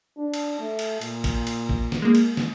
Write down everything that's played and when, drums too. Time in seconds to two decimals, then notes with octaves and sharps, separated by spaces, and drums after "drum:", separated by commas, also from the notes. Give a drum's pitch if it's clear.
0.18 D4
0.34 drum: cymbal
0.60 A3
0.79 drum: cymbal
1.01 A#2, drum: cymbal
1.24 drum: kick, cymbal
1.47 drum: cymbal
1.69 drum: kick
1.92 drum: snare
2.02 G#3 A#3
2.15 drum: cymbal
2.37 drum: snare